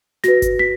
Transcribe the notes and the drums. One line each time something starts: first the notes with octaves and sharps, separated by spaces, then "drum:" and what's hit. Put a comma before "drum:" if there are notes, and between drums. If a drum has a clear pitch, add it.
F#4 B4 A#6, drum: snare
drum: kick G1, hi-hat
B6